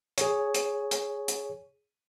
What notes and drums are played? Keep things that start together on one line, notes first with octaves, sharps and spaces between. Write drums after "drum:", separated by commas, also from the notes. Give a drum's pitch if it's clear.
G#4 C#5, drum: hi-hat
drum: hi-hat
drum: hi-hat
drum: hi-hat